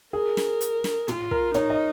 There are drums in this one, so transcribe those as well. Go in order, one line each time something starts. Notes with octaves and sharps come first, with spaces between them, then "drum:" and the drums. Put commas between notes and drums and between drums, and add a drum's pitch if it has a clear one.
G#4 A#4
drum: snare
drum: hi-hat
drum: snare
F4, drum: tom
A#4, drum: kick
D#4 C#5, drum: tom
D#5